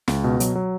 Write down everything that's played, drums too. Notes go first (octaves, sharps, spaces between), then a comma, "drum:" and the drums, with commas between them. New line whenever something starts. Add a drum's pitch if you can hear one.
C#2, drum: snare
B2
F#3, drum: hi-hat
F#3